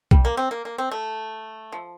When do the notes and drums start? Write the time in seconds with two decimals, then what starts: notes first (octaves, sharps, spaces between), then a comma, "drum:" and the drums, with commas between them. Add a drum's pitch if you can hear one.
0.11 G3, drum: kick B1
0.25 A#3
0.37 C4
0.51 A#3
0.65 A#3
0.78 C4
0.91 A3
1.72 F3